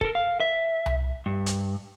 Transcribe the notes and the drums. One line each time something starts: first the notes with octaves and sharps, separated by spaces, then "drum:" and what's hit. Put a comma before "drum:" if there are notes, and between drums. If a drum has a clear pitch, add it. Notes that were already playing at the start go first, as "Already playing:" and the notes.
A4 A#4, drum: kick
F5
E5
drum: tom C2
G2
drum: hi-hat